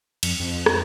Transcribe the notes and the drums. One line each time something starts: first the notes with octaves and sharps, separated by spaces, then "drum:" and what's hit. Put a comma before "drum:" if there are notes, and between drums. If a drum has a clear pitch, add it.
F2, drum: cymbal
F2
drum: rim click